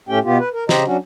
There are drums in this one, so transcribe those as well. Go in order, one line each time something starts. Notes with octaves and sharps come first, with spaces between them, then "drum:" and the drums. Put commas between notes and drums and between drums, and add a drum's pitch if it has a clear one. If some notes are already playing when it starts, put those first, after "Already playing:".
A2 A3 C#4 G4 G5
B2 B3 F4 G4
B4
A#4
C#3 G4 C5 D#5 A#5, drum: snare
F#3 C#4 D4 F#4